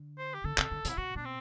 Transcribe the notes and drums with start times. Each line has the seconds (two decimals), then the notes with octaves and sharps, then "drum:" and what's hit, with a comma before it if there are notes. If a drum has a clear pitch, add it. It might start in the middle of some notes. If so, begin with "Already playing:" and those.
Already playing: D3
0.18 C5
0.34 G4
0.44 D3 A4
0.58 C3, drum: clap
0.71 D3
0.85 C3 E4, drum: hi-hat
0.97 B2 F#4
1.15 B2 D4
1.25 C4